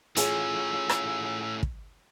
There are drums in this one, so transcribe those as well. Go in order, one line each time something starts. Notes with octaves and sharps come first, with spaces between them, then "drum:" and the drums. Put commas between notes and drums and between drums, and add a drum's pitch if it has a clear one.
A2 C#4 F4 G#4 C#5 E6, drum: hi-hat
drum: rim click
drum: kick